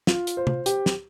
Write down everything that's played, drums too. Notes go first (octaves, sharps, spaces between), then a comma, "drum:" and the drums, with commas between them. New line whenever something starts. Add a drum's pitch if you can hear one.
F4, drum: snare
drum: hi-hat
C5
drum: tom
G4, drum: hi-hat
drum: snare